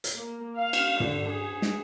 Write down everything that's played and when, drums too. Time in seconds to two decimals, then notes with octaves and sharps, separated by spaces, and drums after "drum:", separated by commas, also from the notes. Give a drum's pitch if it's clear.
0.04 drum: hi-hat
0.17 A#3
0.56 F5
0.73 drum: cymbal
1.00 D3, drum: tom
1.29 G#4
1.62 drum: snare